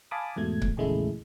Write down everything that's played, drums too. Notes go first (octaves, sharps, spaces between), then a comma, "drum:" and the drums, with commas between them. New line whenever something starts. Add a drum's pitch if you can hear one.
F5 G#5 A5 B5 D6 D#6
E2 G#2 B2 A3 G#6
drum: kick C#1
A#1 E2 C#3 G#3 A3 E4